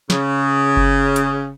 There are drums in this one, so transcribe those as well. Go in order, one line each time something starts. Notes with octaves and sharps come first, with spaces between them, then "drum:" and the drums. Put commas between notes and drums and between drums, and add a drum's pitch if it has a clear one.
C#3, drum: snare
drum: kick F#1
drum: hi-hat